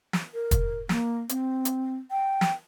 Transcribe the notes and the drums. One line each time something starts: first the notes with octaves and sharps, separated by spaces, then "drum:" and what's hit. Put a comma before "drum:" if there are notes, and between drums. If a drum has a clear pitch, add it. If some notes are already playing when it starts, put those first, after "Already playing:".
drum: snare
A#4
drum: kick, hi-hat
A#3, drum: snare
C4, drum: hi-hat
drum: hi-hat
G5
drum: snare